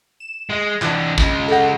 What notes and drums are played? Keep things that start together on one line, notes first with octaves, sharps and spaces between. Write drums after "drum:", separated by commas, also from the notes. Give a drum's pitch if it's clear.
E7
G#3
E3 D4, drum: clap
C#3 G#3, drum: kick
A4 F#5